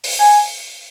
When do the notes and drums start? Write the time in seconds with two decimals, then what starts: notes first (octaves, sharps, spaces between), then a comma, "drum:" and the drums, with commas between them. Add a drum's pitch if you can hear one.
0.04 drum: open hi-hat
0.19 G#5